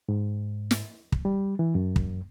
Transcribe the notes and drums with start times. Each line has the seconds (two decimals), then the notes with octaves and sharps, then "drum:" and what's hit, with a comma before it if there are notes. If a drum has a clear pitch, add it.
0.09 G#2
0.71 drum: snare
1.12 drum: kick
1.25 G3
1.59 E3
1.75 F#2
1.96 drum: kick